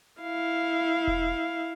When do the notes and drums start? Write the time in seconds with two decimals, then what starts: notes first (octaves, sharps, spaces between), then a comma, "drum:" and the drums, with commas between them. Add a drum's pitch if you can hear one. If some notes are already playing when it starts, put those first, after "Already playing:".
0.22 E4 F5
1.08 drum: kick E1